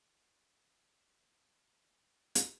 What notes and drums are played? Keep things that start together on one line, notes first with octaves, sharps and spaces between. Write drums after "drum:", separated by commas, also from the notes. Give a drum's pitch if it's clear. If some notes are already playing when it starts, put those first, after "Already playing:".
E4 A#4 B4
B3 A#5
D4 D#4 F4 G4 C#5 F5
D#5
A#3 C#4
A4 A#4 F5
drum: hi-hat